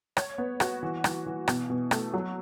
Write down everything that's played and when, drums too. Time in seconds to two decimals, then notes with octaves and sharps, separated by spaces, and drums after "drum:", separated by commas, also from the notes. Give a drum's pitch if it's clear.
0.17 C#5, drum: rim click
0.38 B3
0.60 F#4, drum: rim click
0.83 E3
1.04 E3, drum: rim click
1.26 E3
1.48 B2, drum: rim click
1.70 B2
1.91 A3, drum: rim click
2.14 F#3